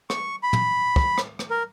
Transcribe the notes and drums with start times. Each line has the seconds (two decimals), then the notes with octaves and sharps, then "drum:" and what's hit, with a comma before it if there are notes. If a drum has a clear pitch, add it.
0.10 C#6, drum: rim click
0.43 B5
0.53 drum: tom
0.96 drum: kick
1.18 drum: rim click
1.39 drum: rim click
1.51 A#4